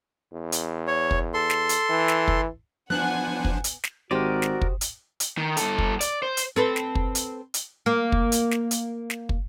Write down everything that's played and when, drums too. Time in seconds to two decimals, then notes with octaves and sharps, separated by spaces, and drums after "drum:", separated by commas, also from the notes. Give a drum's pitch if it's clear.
0.33 E2
0.52 drum: hi-hat
0.87 C#5
1.11 drum: kick
1.34 A4 C6
1.50 drum: snare
1.69 drum: hi-hat
1.90 E3
2.08 drum: snare
2.28 drum: kick
2.90 F3 B3 D4 C5 F#5 G#5 F#6
3.45 drum: kick
3.64 drum: hi-hat
3.84 drum: snare
4.11 G#1 F#4 G4 A#4 C5 D5 D#5
4.42 drum: snare
4.61 drum: kick
4.81 drum: hi-hat
5.20 drum: hi-hat
5.38 D#3
5.57 G2 A4, drum: hi-hat
5.78 drum: kick
6.01 D5, drum: hi-hat
6.22 C5
6.37 drum: hi-hat
6.56 C4 A4 B4
6.76 drum: snare
6.95 drum: kick
7.15 drum: hi-hat
7.54 drum: hi-hat
7.86 A#3
8.12 drum: kick
8.32 drum: hi-hat
8.51 drum: snare
8.71 drum: hi-hat
9.10 drum: snare
9.29 drum: kick